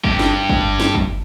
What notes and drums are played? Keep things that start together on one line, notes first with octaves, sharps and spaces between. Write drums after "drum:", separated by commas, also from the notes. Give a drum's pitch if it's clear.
G2 G4, drum: kick
drum: snare
drum: kick
drum: snare
drum: kick